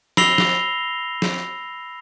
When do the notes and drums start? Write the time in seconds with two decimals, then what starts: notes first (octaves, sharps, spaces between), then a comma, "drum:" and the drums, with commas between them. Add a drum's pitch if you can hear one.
0.17 B5 E6 A#6 C7 F7 G7, drum: snare
0.38 drum: snare
1.22 drum: snare